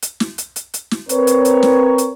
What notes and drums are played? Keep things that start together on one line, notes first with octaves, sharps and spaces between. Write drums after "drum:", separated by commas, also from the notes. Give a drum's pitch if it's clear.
drum: hi-hat
drum: snare
drum: hi-hat
drum: hi-hat
drum: hi-hat
drum: snare
C4 A#4 B4 C#5, drum: hi-hat
drum: hi-hat
drum: hi-hat
drum: snare
drum: hi-hat